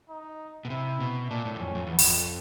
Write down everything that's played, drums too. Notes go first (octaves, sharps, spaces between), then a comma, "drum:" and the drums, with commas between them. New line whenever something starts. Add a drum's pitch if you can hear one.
D#4
B2
C3 E4
B2
A#2 D4
A2
F#2
F2 C#4
F2
E2 B3
F2, drum: open hi-hat